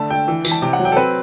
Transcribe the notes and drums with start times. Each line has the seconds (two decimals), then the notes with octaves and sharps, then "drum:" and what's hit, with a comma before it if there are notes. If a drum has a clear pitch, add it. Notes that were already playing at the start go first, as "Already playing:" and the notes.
Already playing: D3 A3 A5
0.10 D3 G5
0.28 E3
0.45 E3, drum: tambourine
0.51 A5
0.62 C3 G5
0.73 F#5
0.79 F#3
0.85 G5
0.92 A4
0.97 C4 B4